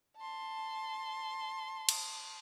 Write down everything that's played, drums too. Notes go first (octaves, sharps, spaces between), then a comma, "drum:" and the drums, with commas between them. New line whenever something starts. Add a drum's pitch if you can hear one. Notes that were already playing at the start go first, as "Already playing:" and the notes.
A5 C6
drum: cymbal